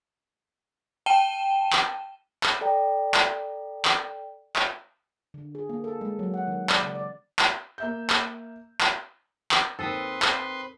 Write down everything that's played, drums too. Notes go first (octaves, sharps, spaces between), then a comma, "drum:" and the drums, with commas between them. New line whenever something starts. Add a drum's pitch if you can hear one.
G5 A5 D#7 E7 G7
drum: clap
drum: clap
A4 D5 G5 A#5
drum: clap
drum: clap
drum: clap
D3
G#4
A#3
A4
G#3
F#3
F#5
D#3
D5, drum: clap
C#3
D5
drum: clap
A#3 E5 G6
drum: clap
drum: clap
drum: clap
D#2 C4 A4 B4 C6 D#6 B6
drum: clap